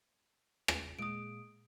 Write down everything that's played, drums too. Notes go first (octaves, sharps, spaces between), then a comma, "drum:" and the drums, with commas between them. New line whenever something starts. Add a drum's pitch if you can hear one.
drum: rim click
A#2 G#3 D#6 D7